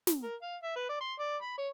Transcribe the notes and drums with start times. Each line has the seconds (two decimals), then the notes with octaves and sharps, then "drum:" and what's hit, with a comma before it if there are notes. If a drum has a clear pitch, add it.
0.07 drum: snare
0.23 A#4
0.43 F5
0.63 E5
0.76 B4
0.89 D5
1.01 C6
1.19 D5
1.42 B5
1.58 C#5